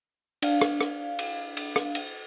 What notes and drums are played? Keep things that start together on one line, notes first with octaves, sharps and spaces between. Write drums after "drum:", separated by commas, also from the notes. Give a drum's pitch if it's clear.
D4 F5, drum: cymbal
drum: rim click
drum: rim click
drum: cymbal
drum: cymbal
drum: rim click
drum: cymbal